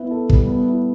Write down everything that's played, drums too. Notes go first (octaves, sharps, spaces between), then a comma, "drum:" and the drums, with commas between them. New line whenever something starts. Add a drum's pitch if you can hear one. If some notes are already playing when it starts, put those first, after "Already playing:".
Already playing: B3 E4
A4
G3, drum: kick
B3
E4